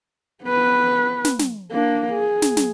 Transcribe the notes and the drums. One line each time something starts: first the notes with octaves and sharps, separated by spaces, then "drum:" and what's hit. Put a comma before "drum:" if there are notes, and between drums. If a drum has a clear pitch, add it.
B3 B4
drum: snare
drum: snare
A#3 D4
G#4
drum: snare
drum: snare